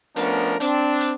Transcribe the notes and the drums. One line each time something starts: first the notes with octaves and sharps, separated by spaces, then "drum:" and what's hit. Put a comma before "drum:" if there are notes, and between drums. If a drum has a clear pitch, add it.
F3 A3 B3 C#4 D4 A#4, drum: hi-hat
C4 D4, drum: hi-hat
drum: hi-hat